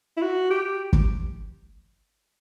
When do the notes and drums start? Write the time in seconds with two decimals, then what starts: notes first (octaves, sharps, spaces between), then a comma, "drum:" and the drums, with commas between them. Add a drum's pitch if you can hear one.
0.17 E4
0.22 F#4
0.50 G4
0.93 drum: kick